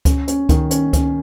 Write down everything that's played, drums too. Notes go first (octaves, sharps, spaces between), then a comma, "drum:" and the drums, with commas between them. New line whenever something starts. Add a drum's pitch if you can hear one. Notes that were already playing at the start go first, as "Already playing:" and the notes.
C#4, drum: kick C#2, hi-hat
C#4, drum: hi-hat
D#3, drum: kick C#2, hi-hat
C#4, drum: hi-hat
C#4, drum: kick C#2, hi-hat